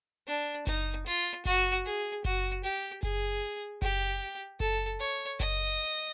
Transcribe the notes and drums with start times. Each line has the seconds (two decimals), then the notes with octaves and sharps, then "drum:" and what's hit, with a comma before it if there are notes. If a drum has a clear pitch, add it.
0.27 D4
0.67 D#4, drum: kick F#1
1.06 F4
1.45 F#4, drum: kick F#1
1.85 G#4
2.25 F#4, drum: kick F#1
2.64 G4
3.03 G#4, drum: kick F#1
3.82 G4, drum: kick F#1
4.60 A4, drum: kick F#1
5.00 C#5
5.40 D#5, drum: kick F#1